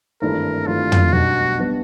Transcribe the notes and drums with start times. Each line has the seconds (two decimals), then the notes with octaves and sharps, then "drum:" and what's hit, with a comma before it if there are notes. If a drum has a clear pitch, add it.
0.21 G#1 G2 E3 A3 A#4
0.67 G#1 G2 E3 A3 F4
0.92 drum: tom
1.12 B1 B2 G3 B3 D4 F#4
1.59 B2 G3 B3 D4